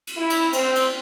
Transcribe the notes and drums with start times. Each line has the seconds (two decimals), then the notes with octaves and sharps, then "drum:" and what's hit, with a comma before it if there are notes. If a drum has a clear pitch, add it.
0.07 drum: cymbal
0.17 E4
0.30 drum: cymbal
0.53 C4, drum: cymbal
0.75 drum: cymbal